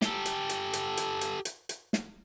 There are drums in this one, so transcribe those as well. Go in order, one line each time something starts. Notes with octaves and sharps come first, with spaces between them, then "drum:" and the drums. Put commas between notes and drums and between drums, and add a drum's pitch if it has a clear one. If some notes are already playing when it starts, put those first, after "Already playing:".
G4 A4, drum: snare
drum: hi-hat
drum: hi-hat
drum: hi-hat
drum: hi-hat
drum: hi-hat
drum: hi-hat
drum: hi-hat
drum: snare